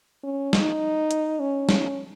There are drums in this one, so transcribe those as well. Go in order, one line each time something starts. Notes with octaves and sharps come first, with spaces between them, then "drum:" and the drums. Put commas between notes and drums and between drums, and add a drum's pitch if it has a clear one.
C#4
D#4, drum: snare
drum: hi-hat
C#4
drum: snare